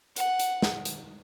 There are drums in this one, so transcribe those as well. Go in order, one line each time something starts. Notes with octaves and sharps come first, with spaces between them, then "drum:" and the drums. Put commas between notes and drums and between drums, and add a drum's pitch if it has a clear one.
F#5, drum: hi-hat
drum: hi-hat
drum: snare
drum: hi-hat